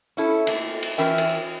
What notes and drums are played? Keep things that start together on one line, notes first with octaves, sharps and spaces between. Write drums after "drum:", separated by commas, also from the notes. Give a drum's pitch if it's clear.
C#4 E4 A4
A3 A#3, drum: cymbal
drum: cymbal
E3 C#4 A#4 E5 G5
drum: cymbal